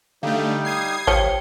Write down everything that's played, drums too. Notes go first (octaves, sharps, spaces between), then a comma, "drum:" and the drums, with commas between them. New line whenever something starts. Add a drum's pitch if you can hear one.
D3 G3 A3 D#4 G4 F5
D#6 G#6 C7
F3 G3 C#5 G5 C#7 G7, drum: kick G#1